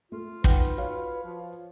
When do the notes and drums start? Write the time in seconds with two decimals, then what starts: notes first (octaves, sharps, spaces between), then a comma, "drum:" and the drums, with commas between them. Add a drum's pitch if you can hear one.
0.12 A3 F4
0.44 D#4 B4 F#5 G5, drum: kick
0.77 F#4 C#5 F5
1.25 F3